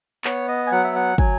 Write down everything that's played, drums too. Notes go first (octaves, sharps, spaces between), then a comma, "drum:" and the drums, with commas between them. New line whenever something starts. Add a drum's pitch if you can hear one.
B3 C#5, drum: clap
D#5
G#5
F#3 F#5
E5
F#5
F#3 G#5, drum: kick